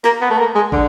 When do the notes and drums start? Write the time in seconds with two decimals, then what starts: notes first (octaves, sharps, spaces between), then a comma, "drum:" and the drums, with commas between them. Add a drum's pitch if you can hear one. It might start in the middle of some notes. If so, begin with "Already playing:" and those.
0.04 A#3, drum: snare
0.21 B3
0.30 A3
0.39 A#3
0.55 G#3
0.72 D3, drum: kick